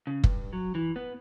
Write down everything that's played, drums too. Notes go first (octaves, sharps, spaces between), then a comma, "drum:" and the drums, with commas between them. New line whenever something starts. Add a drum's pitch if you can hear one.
C#3
G2, drum: kick
F#3
E3
B3